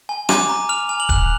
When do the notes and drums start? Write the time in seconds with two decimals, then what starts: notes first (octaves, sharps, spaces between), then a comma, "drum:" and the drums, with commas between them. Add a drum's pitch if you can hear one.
0.09 G#5
0.29 D6 D#7, drum: rim click
0.49 A#5
0.69 F6 F7
0.89 G#5 F7
1.00 F#7
1.09 F#6 F7, drum: kick